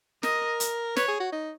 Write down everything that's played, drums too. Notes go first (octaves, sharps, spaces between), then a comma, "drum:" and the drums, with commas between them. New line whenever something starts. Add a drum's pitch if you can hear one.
A#4 D#5, drum: snare
drum: hi-hat
B4 C#5, drum: snare
G#4
F#4
D#4